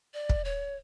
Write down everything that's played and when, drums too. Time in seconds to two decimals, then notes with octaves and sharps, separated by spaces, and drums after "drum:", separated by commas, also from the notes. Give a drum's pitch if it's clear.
0.14 D5
0.29 drum: kick
0.44 C#5